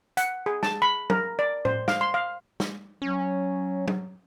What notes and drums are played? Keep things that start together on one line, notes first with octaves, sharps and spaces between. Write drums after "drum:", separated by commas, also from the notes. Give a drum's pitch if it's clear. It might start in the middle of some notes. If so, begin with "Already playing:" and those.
F#5, drum: hi-hat
G#4
A5, drum: snare
B5
A#4, drum: tom F#3
D5
C5, drum: tom A2
F5, drum: snare
C6
F5
drum: snare
F#3 C#4
drum: tom F#3